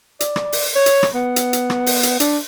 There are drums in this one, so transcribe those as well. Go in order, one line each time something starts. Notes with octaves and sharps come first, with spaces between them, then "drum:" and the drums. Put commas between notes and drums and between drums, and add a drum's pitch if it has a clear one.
D5, drum: hi-hat
drum: rim click
drum: open hi-hat
C#5
drum: hi-hat
drum: rim click
B3
drum: hi-hat
drum: hi-hat
drum: rim click
drum: open hi-hat
drum: hi-hat
D4, drum: hi-hat